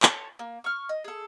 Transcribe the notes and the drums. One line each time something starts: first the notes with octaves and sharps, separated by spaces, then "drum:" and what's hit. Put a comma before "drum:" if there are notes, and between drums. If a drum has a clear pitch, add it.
A4 C#5 E5 A5, drum: clap
A#3
C#6 F6
D#5
G#4 A4